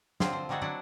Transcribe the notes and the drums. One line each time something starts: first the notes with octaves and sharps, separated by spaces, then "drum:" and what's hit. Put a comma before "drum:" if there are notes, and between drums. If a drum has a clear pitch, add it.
D3 F3 F#3 C4 F4, drum: snare
C5
D3 G3 D#4 F#4 G#4 A4
F#3 A3 D4 E4 D5 F#5